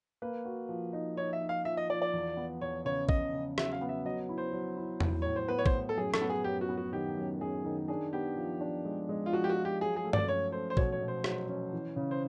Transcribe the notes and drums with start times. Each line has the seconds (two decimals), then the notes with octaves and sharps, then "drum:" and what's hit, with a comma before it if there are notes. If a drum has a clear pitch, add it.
0.22 A#3 B4
0.45 F#4
0.69 F3
0.93 D#4
1.17 D#4 C#5
1.33 E5
1.42 D#4
1.49 F5
1.65 F3 E5
1.77 D#5
1.89 F3 D5
2.02 D5
2.13 E2
2.37 B3
2.61 E2 C#5
2.85 C#3 C#5
3.09 C#3 D#5, drum: kick
3.33 C#3
3.58 F#3 E5, drum: rim click
3.73 F5
3.81 B3
3.89 E5
4.05 F#3 D#5
4.29 E4
4.38 C5
4.53 F#3
4.76 E4
5.00 E4, drum: tom E2
5.22 A2 C#5
5.36 C5
5.48 B3 B4
5.58 C#5
5.66 C5, drum: kick
5.73 A2
5.89 A4
5.96 F#2 G#4
6.14 A4, drum: rim click
6.21 B3
6.30 G#4
6.44 F#2 G4
6.61 F#4
6.69 B3
6.77 F#4
6.92 D#3 G4
7.17 F#2
7.41 F#2 G#4
7.65 D#3
7.88 D4 G#4
8.13 B3 G4
8.36 F3
8.61 D4
8.85 G#3
9.09 G#3
9.26 F4
9.33 F3 F#4
9.44 G4
9.49 F#4
9.57 F3
9.65 G4
9.81 F#3 G#4
9.96 G#4
10.05 A3
10.13 D5, drum: tom G2
10.28 C#4 C#5
10.52 A3 C5
10.70 C5
10.77 B2 C#5, drum: kick
10.92 C#5
11.01 B2
11.08 C5
11.24 F#3, drum: rim click
11.49 C#4
11.73 E3
11.96 C#3
12.11 C5